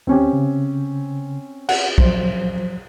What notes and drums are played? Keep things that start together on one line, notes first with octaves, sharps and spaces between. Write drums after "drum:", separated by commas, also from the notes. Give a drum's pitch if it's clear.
D2 C4 C#4 G4
C#3
F#5, drum: cymbal
F3 F#3 C5, drum: kick